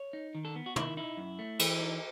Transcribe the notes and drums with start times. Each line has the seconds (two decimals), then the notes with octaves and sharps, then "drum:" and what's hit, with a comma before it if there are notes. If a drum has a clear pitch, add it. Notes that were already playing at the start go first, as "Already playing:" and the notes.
Already playing: C#5
0.13 D#4
0.35 D#3
0.45 A4
0.55 B3
0.66 F#4
0.76 D#3 E4, drum: tom
0.97 D#4 E4
1.17 F#2
1.39 A3
1.59 E3, drum: cymbal
1.80 D#4